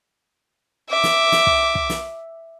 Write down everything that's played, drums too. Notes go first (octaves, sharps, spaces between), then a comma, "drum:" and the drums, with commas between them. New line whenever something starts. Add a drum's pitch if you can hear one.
E5 D6
drum: snare
drum: snare
drum: kick
drum: kick
drum: snare